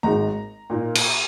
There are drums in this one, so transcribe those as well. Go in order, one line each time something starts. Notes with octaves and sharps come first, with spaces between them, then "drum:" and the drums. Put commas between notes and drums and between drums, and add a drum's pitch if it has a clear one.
G#1 G#2 G#3 D#4 A#5
A#2 A#3 D#4
drum: cymbal